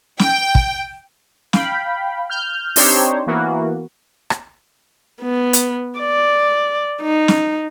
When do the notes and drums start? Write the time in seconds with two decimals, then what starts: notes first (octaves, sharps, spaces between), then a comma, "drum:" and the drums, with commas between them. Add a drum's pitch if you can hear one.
0.19 G5, drum: snare
0.55 drum: kick
1.53 F5 G5 B5, drum: snare
2.30 F6 G6
2.76 C4 D4 D#4 G4 C5 C#5, drum: open hi-hat
3.27 E3 A#3 B3 F#4
4.30 drum: rim click
5.21 B3
5.53 drum: hi-hat
5.99 D5
7.01 D#4
7.28 drum: snare